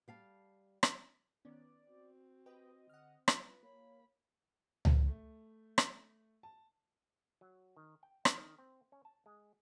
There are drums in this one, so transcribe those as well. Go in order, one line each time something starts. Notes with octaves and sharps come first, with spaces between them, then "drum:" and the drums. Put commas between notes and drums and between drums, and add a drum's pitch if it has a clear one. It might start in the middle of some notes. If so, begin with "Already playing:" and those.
G3 F5 A5
drum: rim click
D#3 B3 C#4 D5
C4 F#4
G4 B4 D#5 G5
D3 F#5 F6
G3 F4 B4, drum: rim click
A#3 C#5 B5
drum: tom C#2
A3
drum: rim click
A5
F#3
D#3
G5
D#3, drum: rim click
D#3
C4
C#4
A5
G#3